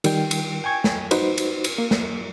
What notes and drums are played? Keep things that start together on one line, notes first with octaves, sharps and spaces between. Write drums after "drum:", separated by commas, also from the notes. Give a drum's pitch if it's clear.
D#3 G3 G5, drum: cymbal
drum: cymbal
G5 G#5 C#6 G#6
drum: snare
D#4 F#4 B4 C5, drum: cymbal
drum: cymbal
drum: cymbal
A#3
drum: snare